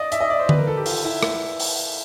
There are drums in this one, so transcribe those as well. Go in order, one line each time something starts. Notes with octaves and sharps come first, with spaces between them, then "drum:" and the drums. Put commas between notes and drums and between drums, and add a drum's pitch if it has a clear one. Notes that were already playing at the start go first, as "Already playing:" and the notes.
Already playing: D5 D#5
E5, drum: hi-hat
D#5
D5
C5
B4, drum: tom D3
A#4
A4
G4
F4, drum: open hi-hat
E4
drum: rim click
drum: open hi-hat